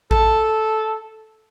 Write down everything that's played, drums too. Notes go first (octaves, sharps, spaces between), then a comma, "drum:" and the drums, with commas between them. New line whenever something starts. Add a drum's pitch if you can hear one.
A4, drum: kick A1